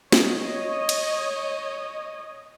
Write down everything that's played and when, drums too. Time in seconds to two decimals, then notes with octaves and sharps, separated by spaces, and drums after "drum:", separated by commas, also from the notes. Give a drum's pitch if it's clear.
0.12 C#5 D#5, drum: snare
0.89 drum: cymbal